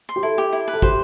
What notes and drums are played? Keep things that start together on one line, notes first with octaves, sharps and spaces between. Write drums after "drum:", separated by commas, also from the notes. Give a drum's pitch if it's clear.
C6
G4
E4 A4
G4
E4
B4
A4
G4 C5, drum: kick